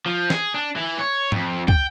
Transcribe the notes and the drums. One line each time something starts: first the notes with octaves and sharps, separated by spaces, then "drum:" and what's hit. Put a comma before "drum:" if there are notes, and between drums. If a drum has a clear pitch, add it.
F3
G#4, drum: snare
D4
E3
C#5
F2, drum: tom
G5, drum: kick